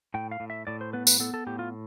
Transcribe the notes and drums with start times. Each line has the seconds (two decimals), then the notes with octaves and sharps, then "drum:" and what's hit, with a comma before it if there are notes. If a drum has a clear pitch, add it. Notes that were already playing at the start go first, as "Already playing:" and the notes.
0.14 A2 G5
0.31 F5
0.40 A2
0.50 E5
0.67 A2 D5
0.81 C5
0.93 B3 B4
1.07 B4, drum: tambourine
1.20 B3 A4
1.34 A4
1.47 A2 G4
1.59 F4